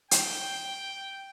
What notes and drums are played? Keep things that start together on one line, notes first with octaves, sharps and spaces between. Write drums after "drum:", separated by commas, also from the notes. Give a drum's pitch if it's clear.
G5, drum: hi-hat